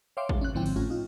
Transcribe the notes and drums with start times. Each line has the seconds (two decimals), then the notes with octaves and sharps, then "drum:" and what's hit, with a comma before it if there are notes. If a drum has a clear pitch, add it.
0.17 C#5 E5 F5 G5 C6 D6
0.29 G#3, drum: kick
0.41 C#4 F#6
0.54 G#2 D3 F3 C4 E4 G5
0.66 drum: cymbal
0.76 G#1 A2 A3 C#4 F4
0.90 D#4 F4